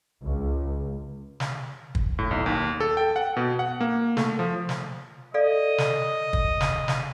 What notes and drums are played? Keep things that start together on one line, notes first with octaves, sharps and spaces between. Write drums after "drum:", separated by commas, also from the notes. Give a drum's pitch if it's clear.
C#2
drum: snare
drum: kick
A2
B1
D#2
A4
G5
F#5
B2
F#5
A#3
A3, drum: snare
F3
drum: snare
A4 D5 D#5 F5
drum: snare
drum: kick
drum: snare
drum: snare